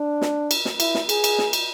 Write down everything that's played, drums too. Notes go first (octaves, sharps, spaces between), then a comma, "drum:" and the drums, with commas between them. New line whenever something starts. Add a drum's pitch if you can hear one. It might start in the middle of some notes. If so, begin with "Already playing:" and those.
Already playing: D4
drum: snare
drum: cymbal
drum: snare
E4, drum: cymbal
drum: snare
G#4, drum: cymbal
drum: cymbal
drum: snare
drum: cymbal